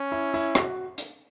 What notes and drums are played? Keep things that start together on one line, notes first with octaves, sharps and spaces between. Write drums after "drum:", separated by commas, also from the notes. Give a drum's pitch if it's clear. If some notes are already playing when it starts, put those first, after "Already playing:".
Already playing: C#4
E4
E4
F#4, drum: rim click
drum: hi-hat